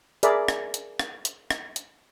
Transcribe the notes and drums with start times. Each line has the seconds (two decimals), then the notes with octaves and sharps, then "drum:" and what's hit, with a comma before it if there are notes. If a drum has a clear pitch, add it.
0.23 G#4 A#4 D5 E5 B5, drum: hi-hat
0.48 drum: rim click
0.74 drum: hi-hat
0.99 drum: rim click
1.25 drum: hi-hat
1.51 drum: rim click
1.76 drum: hi-hat